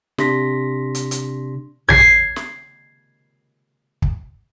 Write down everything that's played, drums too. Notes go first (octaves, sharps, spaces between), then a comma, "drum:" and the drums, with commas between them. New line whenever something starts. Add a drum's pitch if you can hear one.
C3 D4 C6 A#6 B6, drum: snare
drum: hi-hat
drum: hi-hat
G#6 C7, drum: tom A#1
drum: snare
drum: kick